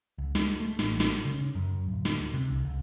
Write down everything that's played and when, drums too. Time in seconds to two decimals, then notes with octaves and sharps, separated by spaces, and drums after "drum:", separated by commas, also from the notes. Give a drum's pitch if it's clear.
0.18 C#2
0.35 G#3, drum: snare
0.60 A3
0.79 A1, drum: snare
1.00 drum: snare
1.25 C#3
1.55 F#2
1.86 D1
2.05 drum: snare
2.34 C3
2.50 C2
2.65 C#2